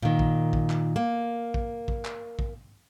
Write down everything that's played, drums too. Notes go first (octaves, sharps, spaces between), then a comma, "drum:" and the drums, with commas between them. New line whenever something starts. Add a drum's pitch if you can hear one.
A#2 D#3
drum: kick A#1
drum: kick A#1
drum: clap
A#3
drum: kick A#1
drum: kick A#1
drum: clap
drum: kick A#1